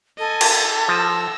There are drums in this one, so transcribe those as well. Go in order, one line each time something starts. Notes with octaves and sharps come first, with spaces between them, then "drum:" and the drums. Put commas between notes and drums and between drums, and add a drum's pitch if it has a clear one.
A4 D#5 G#5
drum: cymbal
F3 E6 A#6